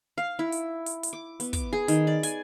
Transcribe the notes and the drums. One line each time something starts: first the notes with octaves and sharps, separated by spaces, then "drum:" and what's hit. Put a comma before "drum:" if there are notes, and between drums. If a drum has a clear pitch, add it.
F5
E4
drum: hi-hat
drum: hi-hat
drum: hi-hat
D6
B3, drum: hi-hat
D6, drum: kick, hi-hat
G#4
D#3, drum: hi-hat
D5
G#5, drum: hi-hat